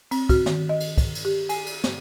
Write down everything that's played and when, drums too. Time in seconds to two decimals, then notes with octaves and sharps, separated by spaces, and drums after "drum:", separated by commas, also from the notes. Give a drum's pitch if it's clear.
0.11 C4, drum: cymbal
0.29 F#4, drum: kick, cymbal
0.46 D#3, drum: snare
0.69 D#5
0.80 drum: cymbal
0.98 drum: kick, cymbal
1.15 drum: cymbal
1.25 G4
1.49 G#5, drum: cymbal
1.66 drum: cymbal
1.84 drum: snare